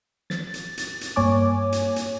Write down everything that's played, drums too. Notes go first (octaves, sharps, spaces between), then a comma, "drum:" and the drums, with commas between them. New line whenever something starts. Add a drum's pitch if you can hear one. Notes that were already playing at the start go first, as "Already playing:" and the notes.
A6, drum: snare
drum: hi-hat
drum: hi-hat
drum: hi-hat
G2 A#3 C#5 G#5 D6
drum: hi-hat
drum: hi-hat